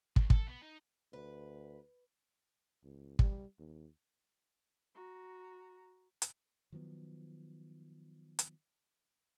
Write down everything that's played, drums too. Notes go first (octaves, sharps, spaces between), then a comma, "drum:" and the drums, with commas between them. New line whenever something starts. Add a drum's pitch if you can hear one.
D2, drum: kick
A4, drum: kick
B3
D#4
D2 B4
C#2
G3, drum: kick
D#2
F#4 A#5
drum: hi-hat
D#3 F3 F#3 B3
drum: hi-hat